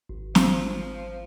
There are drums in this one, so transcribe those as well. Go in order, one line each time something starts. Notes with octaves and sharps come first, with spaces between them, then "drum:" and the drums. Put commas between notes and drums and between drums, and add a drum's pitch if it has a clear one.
G#1
F3, drum: snare